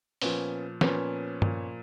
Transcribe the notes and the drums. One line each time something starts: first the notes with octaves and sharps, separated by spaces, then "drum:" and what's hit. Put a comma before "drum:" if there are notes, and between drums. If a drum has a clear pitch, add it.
A#2 F3 B3 C#4, drum: open hi-hat
A#2 F3 B3 C#4, drum: snare
A#2 F3, drum: tom G2